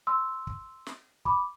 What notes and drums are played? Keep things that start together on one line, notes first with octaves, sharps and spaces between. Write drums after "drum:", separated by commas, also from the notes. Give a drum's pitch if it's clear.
C6 E6
drum: kick
drum: snare
B5 D6, drum: kick